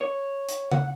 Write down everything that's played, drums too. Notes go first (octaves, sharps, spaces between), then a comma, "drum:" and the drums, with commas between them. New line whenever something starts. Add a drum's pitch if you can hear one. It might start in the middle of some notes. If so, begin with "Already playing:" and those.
C#5
drum: hi-hat
F#5, drum: tom C#3